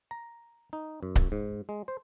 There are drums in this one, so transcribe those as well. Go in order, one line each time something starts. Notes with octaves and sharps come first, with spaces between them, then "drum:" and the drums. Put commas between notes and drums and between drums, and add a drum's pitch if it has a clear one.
A#5
D#4
F#2
drum: kick C#1
G#2
G#3
C5